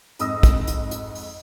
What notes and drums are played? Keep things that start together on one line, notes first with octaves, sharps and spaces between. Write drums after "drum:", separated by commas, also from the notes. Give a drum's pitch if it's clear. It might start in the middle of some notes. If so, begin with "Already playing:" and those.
F2 G#2 D#6 E6 A#6, drum: hi-hat
drum: kick, hi-hat
drum: hi-hat
drum: hi-hat
drum: open hi-hat